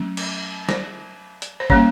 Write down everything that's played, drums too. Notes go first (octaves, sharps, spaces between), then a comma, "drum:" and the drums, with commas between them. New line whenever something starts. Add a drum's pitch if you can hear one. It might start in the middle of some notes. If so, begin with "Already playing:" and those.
Already playing: F#3 A3 C#4
drum: cymbal
C5, drum: snare
drum: hi-hat
C5
G3 A#3 C#4 C#5, drum: kick